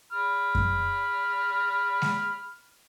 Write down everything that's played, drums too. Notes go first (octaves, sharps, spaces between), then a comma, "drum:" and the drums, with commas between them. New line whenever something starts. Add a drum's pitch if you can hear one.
B5 F6
drum: kick F#2
drum: snare G#3